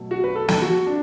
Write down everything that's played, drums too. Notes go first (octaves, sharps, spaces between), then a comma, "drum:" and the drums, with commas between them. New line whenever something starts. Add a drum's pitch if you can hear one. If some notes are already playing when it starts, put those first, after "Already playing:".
Already playing: B2 F#3 A3
F#4
B4
A4
A4, drum: snare
F#4
D4